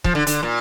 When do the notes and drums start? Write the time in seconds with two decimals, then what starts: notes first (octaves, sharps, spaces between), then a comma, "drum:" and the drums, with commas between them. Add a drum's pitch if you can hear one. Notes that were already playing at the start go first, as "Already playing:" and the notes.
0.04 F3, drum: kick
0.15 D3
0.27 D3, drum: hi-hat
0.43 A#2